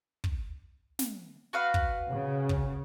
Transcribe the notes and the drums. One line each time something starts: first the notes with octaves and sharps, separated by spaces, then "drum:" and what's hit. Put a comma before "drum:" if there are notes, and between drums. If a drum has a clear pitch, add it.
drum: kick
drum: snare
F#4 B4 F5
drum: kick
C#3
drum: kick